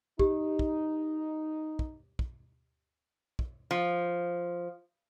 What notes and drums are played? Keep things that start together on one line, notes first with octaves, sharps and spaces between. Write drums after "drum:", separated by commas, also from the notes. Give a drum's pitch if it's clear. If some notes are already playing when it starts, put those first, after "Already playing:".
D#4 G4, drum: kick
drum: kick
drum: kick
drum: kick
drum: kick
F3